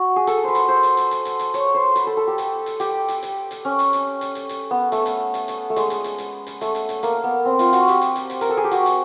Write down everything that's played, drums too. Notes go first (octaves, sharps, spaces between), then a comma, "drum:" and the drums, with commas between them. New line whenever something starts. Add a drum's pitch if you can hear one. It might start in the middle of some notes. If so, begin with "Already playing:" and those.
Already playing: F#4
G#4
A4, drum: hi-hat
B4 C5
drum: hi-hat
C5
drum: hi-hat
drum: hi-hat
drum: hi-hat
drum: hi-hat
drum: hi-hat
C#5, drum: hi-hat
C5
B4, drum: hi-hat
A4
A4
G4
drum: hi-hat
drum: hi-hat
G4, drum: hi-hat
drum: hi-hat
drum: hi-hat
drum: hi-hat
C#4
drum: hi-hat
drum: hi-hat
drum: hi-hat
drum: hi-hat
drum: hi-hat
B3
A3, drum: hi-hat
drum: hi-hat
drum: hi-hat
drum: hi-hat
A3
G#3, drum: hi-hat
drum: hi-hat
drum: hi-hat
drum: hi-hat
drum: hi-hat
A3, drum: hi-hat
drum: hi-hat
drum: hi-hat
A#3, drum: hi-hat
B3
C4
F4, drum: hi-hat
F#4, drum: hi-hat
G4, drum: hi-hat
drum: hi-hat
drum: hi-hat
drum: hi-hat
A#4, drum: hi-hat
A4
G#4
G4
F#4, drum: hi-hat
drum: hi-hat